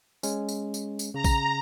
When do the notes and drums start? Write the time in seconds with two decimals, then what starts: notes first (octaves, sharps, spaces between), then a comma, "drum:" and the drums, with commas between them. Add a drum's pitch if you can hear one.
0.23 G#3 C#4, drum: tambourine
0.49 drum: tambourine
0.74 drum: tambourine
0.99 drum: tambourine
1.14 C#3 A#5
1.24 drum: kick A#1, tambourine